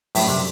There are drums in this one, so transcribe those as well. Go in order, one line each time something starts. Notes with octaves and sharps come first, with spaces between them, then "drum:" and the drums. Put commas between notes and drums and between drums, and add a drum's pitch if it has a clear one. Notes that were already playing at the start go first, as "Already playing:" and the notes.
F#2 A2 D3 G3 C4, drum: open hi-hat
C3